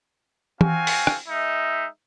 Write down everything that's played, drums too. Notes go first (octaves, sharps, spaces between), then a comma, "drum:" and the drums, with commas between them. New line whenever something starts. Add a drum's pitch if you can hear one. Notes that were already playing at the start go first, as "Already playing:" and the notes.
C4 F#4 F5 G#5, drum: tom E3
drum: open hi-hat
drum: rim click
G#3 D#4 E5